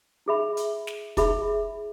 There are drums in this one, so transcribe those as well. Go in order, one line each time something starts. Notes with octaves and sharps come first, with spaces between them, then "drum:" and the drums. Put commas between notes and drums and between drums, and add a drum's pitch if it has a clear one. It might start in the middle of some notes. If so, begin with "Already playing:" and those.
E4 G#4 E5 B5
drum: hi-hat
drum: snare
E4 G#4 E5 B5, drum: kick, hi-hat